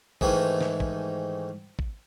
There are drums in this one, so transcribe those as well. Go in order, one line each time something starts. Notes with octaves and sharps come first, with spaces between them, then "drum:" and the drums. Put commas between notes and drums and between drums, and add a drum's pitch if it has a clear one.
G#2 D#3 E3 A3, drum: kick
drum: snare
drum: kick
drum: kick